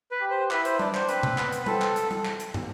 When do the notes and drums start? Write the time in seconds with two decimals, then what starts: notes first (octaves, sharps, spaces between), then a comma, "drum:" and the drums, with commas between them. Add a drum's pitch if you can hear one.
0.11 B4
0.21 G4
0.30 C5
0.51 E4 B4, drum: clap
0.65 C5, drum: hi-hat
0.79 D4 D5, drum: tom G3
0.95 C5, drum: clap
1.09 C4 B4, drum: hi-hat
1.23 drum: tom B2
1.38 B3, drum: clap
1.52 drum: hi-hat
1.63 B4
1.66 C4 A4, drum: tom G3
1.82 drum: clap
1.96 drum: hi-hat
2.11 drum: tom G3
2.25 drum: clap
2.40 drum: hi-hat
2.54 drum: tom